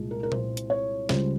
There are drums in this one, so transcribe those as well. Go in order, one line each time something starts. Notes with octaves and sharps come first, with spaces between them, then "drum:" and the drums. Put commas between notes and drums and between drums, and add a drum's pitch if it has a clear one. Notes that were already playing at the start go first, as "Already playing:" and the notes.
Already playing: C2 A#2 G#3
A#4
A#4
C5, drum: tom A#2
drum: hi-hat
C#5
C#2 C#3 G3 C5, drum: snare